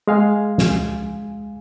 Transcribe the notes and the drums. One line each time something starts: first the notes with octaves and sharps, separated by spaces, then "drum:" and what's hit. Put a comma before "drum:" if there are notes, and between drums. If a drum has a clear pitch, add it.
G#3 F5 G#5
drum: snare